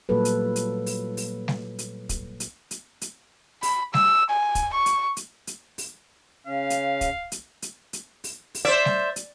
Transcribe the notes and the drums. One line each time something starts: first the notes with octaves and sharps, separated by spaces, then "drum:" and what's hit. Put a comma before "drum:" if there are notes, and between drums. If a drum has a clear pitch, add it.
A#2 F#3 G3 A#3 A4 B4
drum: hi-hat
drum: hi-hat
drum: open hi-hat
drum: open hi-hat
drum: snare G3
drum: hi-hat
drum: kick, hi-hat
drum: hi-hat
drum: hi-hat
drum: hi-hat
B5, drum: open hi-hat
E6, drum: snare G3
G#5
drum: kick, hi-hat
C#6
drum: hi-hat
drum: hi-hat
drum: hi-hat
drum: open hi-hat
C#3 C#4 F5
drum: hi-hat
drum: kick, hi-hat
drum: hi-hat
drum: hi-hat
drum: hi-hat
drum: open hi-hat
drum: open hi-hat
C5 D5 E5
drum: snare G3
drum: hi-hat